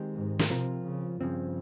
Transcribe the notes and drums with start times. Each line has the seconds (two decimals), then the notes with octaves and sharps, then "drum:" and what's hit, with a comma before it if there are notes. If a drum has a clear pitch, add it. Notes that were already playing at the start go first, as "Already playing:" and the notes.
Already playing: D#3 G#3 C4 G4
0.14 G#2
0.39 drum: snare
0.50 C3 F3 C4 F4 A#4
0.85 C#3
1.21 G2 C#3 F3 C4